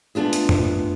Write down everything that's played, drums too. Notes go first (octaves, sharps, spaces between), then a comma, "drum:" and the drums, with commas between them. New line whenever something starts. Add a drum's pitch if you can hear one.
A3 B3 D4 F4 G#4
drum: hi-hat
drum: tom F#2